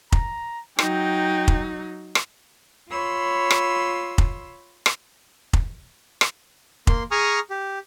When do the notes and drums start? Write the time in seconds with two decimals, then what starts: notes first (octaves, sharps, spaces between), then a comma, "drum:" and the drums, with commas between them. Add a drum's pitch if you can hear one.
0.12 A#5, drum: kick F1
0.79 F#3 D#4 G5, drum: rim click
1.48 drum: kick F1
2.15 drum: rim click
2.90 F4 C#5 B5 C6 E6
3.51 drum: rim click
4.18 drum: kick F1
4.86 drum: rim click
5.53 drum: kick F1
6.21 drum: rim click
6.87 A#3 C6, drum: kick F1
7.11 G#4 G#5 A#5 C#6 D#6 F6
7.50 G4